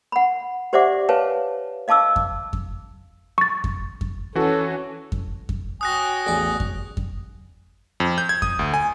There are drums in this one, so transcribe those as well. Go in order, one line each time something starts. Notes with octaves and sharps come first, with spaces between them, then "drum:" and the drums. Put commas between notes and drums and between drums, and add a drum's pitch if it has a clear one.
F#5 B5
G4 C5 D5 E5 F#5 D6
B4 C#5 F5 G#5 A5
D#5 F5 A5 D6 E6
drum: kick F2
drum: kick F2
C#6 A6
drum: kick F2
drum: kick F2
E3 C#4 F#4 A4
drum: kick F2
drum: kick F2
F#4 C#5 G5 G#5 D#6 F#6 A#6
A1 E2 D5
drum: kick F2
drum: kick F2
F2
G6
G#6
D#6, drum: kick F2
D2
G#5